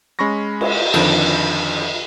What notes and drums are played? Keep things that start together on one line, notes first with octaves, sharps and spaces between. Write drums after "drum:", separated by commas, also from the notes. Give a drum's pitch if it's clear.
G#3 C#4 B5 C#6 A#6
drum: cymbal
F2 D3 D#3 F3 D4, drum: cymbal